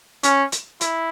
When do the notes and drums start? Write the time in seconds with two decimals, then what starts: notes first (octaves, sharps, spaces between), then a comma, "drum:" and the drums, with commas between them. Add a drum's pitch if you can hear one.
0.23 C#4, drum: hi-hat
0.52 drum: hi-hat
0.81 E4, drum: hi-hat